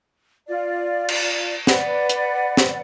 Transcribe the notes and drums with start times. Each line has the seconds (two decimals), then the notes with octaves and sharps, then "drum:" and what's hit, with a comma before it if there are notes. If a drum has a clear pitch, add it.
0.48 F4 D5
1.08 drum: cymbal
1.67 B4 D5 F#5, drum: snare
2.09 drum: hi-hat
2.57 drum: snare